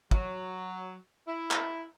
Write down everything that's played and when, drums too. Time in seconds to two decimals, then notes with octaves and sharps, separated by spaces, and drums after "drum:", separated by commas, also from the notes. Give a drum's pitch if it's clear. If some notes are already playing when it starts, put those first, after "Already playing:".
0.11 F#3, drum: kick
1.27 E4
1.51 drum: clap